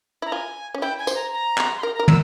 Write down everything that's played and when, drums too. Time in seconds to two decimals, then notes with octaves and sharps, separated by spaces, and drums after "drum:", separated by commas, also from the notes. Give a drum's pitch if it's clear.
0.22 E4 A#5
0.32 F4 G#5
0.74 C#4
0.82 E4 G5
0.99 G#5
1.07 C5, drum: tambourine
1.15 A#5
1.33 A#5
1.58 drum: clap
1.77 C6
1.83 A#4 A#5
1.95 A#5
1.99 A#4
2.08 E6, drum: tom